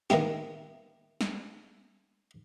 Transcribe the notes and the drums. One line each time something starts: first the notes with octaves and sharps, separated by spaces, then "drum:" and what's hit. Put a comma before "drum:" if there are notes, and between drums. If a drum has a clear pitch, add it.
D#3 A#3 E4 G4, drum: snare
drum: snare